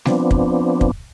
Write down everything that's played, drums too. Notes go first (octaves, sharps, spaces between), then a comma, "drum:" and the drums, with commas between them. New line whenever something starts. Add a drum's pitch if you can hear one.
F3 B3 C4 D4, drum: snare G3
drum: kick
drum: kick